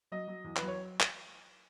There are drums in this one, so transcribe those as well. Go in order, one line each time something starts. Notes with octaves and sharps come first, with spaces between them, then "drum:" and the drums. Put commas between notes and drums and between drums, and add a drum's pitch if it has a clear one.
F#3 D#5
F#3
E2
B4, drum: clap
F#3
C#5
drum: clap